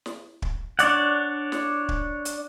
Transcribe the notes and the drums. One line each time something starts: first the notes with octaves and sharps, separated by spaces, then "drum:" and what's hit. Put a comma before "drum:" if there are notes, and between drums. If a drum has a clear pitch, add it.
drum: snare
drum: kick
D4 C#5 D5 F#5, drum: hi-hat
drum: snare
drum: kick
drum: hi-hat